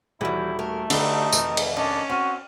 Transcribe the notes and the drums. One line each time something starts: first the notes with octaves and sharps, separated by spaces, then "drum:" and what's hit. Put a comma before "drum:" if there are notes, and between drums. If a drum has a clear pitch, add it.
D#1 E3 G3 E4 F#4
A3 A#4
D3 D4 D#4 G4 B5 G7, drum: cymbal
F1 D#3 E3, drum: tambourine
drum: cymbal
D#3 C#4 D4
C4 F#4 F6 D#7